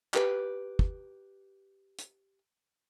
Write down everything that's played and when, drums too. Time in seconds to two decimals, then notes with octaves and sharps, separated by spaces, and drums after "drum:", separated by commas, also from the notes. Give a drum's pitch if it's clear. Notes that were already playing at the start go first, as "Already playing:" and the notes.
0.14 G4 B4, drum: clap
0.79 drum: kick
1.99 drum: hi-hat